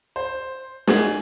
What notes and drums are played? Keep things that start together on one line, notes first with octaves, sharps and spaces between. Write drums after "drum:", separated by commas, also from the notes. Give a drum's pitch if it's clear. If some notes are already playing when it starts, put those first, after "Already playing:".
C5
G#4, drum: snare